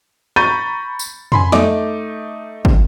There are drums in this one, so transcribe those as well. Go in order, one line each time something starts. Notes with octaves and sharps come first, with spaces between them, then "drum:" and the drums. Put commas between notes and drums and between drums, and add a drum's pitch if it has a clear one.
A#5 B5 C#6 G6 A6 D#7
drum: tambourine
G#5 B5 C6, drum: tom F2
A3 D#4 D6, drum: snare
drum: kick